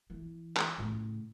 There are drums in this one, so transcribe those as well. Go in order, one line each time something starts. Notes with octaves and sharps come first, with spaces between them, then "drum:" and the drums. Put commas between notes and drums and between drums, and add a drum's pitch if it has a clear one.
E3
drum: clap
A2 C#3